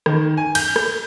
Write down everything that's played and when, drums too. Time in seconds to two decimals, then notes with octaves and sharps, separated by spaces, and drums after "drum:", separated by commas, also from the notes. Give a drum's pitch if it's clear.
0.06 D#3, drum: rim click
0.37 G#5
0.55 G6, drum: cymbal
0.76 drum: rim click